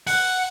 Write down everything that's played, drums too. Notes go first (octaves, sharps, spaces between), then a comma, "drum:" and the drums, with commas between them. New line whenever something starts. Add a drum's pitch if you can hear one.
F#5, drum: open hi-hat